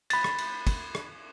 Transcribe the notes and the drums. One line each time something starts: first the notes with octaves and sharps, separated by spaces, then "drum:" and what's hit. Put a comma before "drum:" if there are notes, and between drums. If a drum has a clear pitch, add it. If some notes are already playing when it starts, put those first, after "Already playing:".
B5 A6, drum: cymbal
drum: rim click
drum: cymbal
drum: kick, cymbal
drum: rim click